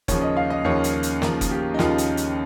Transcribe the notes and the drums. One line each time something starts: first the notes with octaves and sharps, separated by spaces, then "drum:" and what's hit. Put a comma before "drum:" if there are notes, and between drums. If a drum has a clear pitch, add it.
D#2 C#3 F3 C#5, drum: kick F1, hi-hat
D#5
F5
D#5
D#2 C#3 F3 C#5
drum: hi-hat
C#5
drum: hi-hat
D#2 C#3 F3 A#4, drum: snare
drum: kick F1, hi-hat
G4
D#4
D#2 C#3 F3 F4, drum: snare
drum: hi-hat
drum: hi-hat